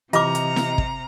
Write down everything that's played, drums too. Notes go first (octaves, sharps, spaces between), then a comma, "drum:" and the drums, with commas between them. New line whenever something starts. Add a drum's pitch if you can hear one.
C3 E3 F4 G4 D#5 A#5 D6 F6, drum: hi-hat
drum: hi-hat
drum: snare
drum: kick